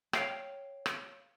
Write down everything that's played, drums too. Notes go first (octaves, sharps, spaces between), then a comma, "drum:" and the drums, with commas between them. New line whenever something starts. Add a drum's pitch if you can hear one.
C#5 F5 G5, drum: rim click
drum: rim click